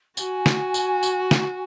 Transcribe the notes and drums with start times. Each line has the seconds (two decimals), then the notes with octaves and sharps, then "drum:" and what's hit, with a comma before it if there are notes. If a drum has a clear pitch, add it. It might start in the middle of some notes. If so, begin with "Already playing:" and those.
0.17 F#4 G#5, drum: tambourine
0.46 drum: snare
0.74 drum: tambourine
1.03 drum: tambourine
1.31 drum: snare